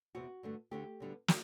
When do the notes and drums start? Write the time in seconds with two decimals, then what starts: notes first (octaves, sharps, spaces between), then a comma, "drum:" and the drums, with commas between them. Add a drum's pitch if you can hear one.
0.15 E2 C3 E3 B3 F#4
0.43 G2 D3 A3
0.71 D2 D3 A3 G4
1.00 D2 D3 G3 B3
1.28 F#4, drum: snare